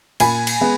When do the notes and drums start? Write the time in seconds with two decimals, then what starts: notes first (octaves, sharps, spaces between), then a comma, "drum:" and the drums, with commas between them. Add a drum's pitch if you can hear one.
0.20 A#2 G#5 B5, drum: cymbal
0.47 drum: cymbal
0.61 G#3 B3